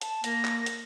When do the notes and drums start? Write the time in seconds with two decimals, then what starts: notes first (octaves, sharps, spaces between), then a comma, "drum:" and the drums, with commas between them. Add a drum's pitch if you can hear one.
0.01 A5, drum: hi-hat
0.24 A#3 A#6, drum: hi-hat
0.45 drum: clap
0.66 drum: hi-hat